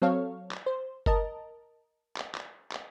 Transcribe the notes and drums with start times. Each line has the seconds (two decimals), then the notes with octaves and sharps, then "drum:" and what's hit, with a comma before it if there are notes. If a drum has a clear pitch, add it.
0.02 F#3 C4 A4 C#5 F5
0.51 drum: clap
0.66 C5
1.06 A#4 D#5 A5, drum: kick F#1
2.16 drum: clap
2.35 drum: clap
2.71 drum: clap